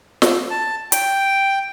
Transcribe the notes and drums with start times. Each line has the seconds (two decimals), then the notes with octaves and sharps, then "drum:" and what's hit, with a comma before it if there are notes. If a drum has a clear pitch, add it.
0.22 drum: snare
0.50 A5
0.92 G5, drum: hi-hat